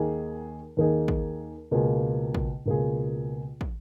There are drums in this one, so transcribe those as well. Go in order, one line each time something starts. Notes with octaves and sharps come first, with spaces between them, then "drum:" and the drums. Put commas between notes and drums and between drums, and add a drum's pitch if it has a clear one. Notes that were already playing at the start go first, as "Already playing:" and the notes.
Already playing: D#2 D#3 A#3 D#4 G#4
D#2 D#3 A#3 D#4 G#4
drum: kick
C#2 B2 A#3 F4 G#4
drum: kick
C#2 B2 A#3 F4 G#4
drum: kick